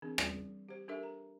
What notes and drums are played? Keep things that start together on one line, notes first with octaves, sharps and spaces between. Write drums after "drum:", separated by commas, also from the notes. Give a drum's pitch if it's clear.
E3 C4 D4 G#4
G3, drum: rim click
G4 C5
D4 G4 A4 A#4 E5
A#5